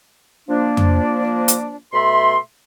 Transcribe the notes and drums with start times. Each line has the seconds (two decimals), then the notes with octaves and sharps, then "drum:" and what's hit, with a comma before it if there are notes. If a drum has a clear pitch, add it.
0.49 F3 A#3 D4
0.77 drum: tom F2
1.48 drum: hi-hat
1.93 B2 A3 E5 B5 C6